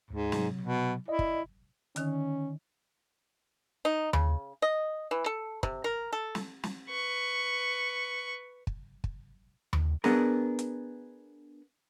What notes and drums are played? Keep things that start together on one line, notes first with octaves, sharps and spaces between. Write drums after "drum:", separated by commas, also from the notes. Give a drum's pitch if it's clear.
D2 G#2
C3 F#3, drum: snare
B2
E4 D5 D#5
drum: kick
D3 D#3 C#4 D#4, drum: hi-hat
D#4
C#3, drum: tom D#2
D#5
E3
A4
C3, drum: kick
A#4
A4
drum: snare
drum: snare
B4 C#6
drum: kick
drum: kick
drum: tom D#2
B3 D4 G#4 A#4, drum: snare
drum: hi-hat